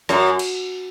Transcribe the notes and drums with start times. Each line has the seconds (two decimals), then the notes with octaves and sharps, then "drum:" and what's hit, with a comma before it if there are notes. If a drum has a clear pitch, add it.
0.09 F#2, drum: snare
0.39 drum: cymbal